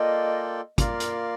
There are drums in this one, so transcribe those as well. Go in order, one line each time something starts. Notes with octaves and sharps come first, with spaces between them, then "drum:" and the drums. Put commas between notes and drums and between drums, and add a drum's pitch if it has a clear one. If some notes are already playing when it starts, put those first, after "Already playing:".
Already playing: A#3 F4 A4 D5 D#5 G5
A#3 F4 A#4 D5 F5, drum: kick, hi-hat
drum: hi-hat